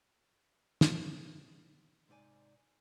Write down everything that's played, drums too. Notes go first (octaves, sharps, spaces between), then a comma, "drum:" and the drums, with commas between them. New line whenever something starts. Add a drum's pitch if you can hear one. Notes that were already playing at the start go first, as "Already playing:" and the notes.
drum: snare
G#2 C3 D#4 D5 G#5